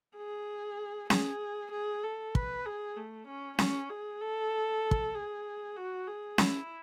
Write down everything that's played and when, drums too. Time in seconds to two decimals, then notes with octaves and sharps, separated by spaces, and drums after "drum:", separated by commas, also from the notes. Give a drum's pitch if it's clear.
0.16 G#4
1.10 G#4, drum: snare C#4
1.72 G#4
2.03 A4
2.35 B4, drum: kick
2.66 G#4
2.97 A3
3.28 C#4
3.59 C#4, drum: snare C#4
3.89 G#4
4.21 A4
4.91 drum: kick
5.15 G#4
5.76 F#4
6.07 G#4
6.38 E4, drum: snare C#4